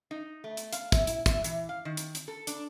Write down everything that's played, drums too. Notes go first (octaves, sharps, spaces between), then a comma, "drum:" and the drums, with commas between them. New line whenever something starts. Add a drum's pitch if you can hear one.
D#4
A3
drum: hi-hat
F5, drum: hi-hat
E5, drum: kick, hi-hat
E4, drum: hi-hat
E5, drum: kick, hi-hat
E3, drum: hi-hat
F5
D#3
drum: hi-hat
drum: hi-hat
A4
D4, drum: hi-hat